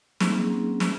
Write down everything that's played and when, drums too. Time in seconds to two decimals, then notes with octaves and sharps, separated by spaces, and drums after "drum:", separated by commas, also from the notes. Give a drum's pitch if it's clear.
0.20 F#3 A#3 C4 C#4 D#4 G#4, drum: snare
0.80 drum: snare